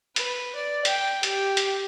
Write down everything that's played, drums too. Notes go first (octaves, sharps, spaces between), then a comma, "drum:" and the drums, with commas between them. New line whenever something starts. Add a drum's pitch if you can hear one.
B4, drum: hi-hat
D5
G5, drum: hi-hat
G4, drum: hi-hat
drum: hi-hat